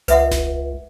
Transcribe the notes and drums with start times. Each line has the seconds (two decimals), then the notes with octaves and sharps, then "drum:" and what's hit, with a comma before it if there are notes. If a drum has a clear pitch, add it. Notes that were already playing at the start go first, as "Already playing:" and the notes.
0.08 C#2 B4 E5 F#5, drum: hi-hat
0.31 drum: snare E1